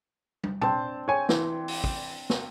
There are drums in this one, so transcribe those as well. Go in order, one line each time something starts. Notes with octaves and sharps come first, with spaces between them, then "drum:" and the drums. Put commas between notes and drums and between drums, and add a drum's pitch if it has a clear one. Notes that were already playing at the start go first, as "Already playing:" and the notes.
drum: tom
C4 D4 C5 A5, drum: tom A#2
C#5 G#5
E3, drum: snare
drum: open hi-hat
drum: kick
drum: snare